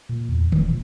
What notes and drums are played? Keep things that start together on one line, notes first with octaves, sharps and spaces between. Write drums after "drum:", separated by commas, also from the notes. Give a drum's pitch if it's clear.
A#2
E2
E1, drum: tom D3
A#2